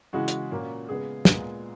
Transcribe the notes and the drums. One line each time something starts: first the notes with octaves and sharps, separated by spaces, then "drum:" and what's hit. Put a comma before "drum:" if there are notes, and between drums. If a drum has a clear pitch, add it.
C#3 E3 G#3 F#4
drum: hi-hat
A#2 A#3 C#4
C#3 G#3 B3 G#4
A#2 G#3 B3, drum: snare